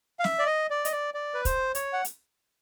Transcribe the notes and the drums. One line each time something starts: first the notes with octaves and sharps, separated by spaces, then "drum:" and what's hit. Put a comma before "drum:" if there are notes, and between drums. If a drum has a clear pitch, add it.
F5
E5, drum: snare
D5
D#5
D5
D#5, drum: hi-hat
D5
D5
B4
C5, drum: kick, hi-hat
C#5, drum: hi-hat
F#5
drum: hi-hat